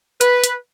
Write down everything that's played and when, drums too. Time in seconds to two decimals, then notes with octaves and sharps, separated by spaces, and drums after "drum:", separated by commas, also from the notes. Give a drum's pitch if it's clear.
0.21 B4, drum: hi-hat
0.44 drum: hi-hat